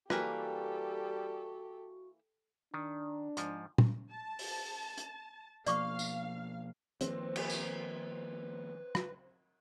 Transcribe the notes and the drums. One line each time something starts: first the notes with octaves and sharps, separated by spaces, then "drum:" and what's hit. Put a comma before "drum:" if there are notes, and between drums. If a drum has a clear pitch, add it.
E3 G3 A#3 F#4 G4 A4 B4, drum: rim click
D#3 D4
G#2 F3, drum: hi-hat
drum: tom A#2
A5
drum: open hi-hat
drum: hi-hat
B2 F3 A#3 D5 F5 C#6 D6, drum: hi-hat
drum: tambourine
D#3 F3 A#3 C4 B4, drum: hi-hat
drum: cymbal
drum: tambourine
drum: rim click